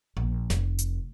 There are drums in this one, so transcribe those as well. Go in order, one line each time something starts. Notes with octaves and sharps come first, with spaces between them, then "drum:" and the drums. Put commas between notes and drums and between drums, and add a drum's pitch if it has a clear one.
A#1
F1, drum: snare
drum: hi-hat